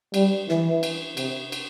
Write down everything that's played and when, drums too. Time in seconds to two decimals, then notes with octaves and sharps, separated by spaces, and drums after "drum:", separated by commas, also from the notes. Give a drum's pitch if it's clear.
0.14 G3, drum: cymbal
0.49 E3, drum: snare
0.83 drum: cymbal
1.17 C3, drum: cymbal
1.52 drum: cymbal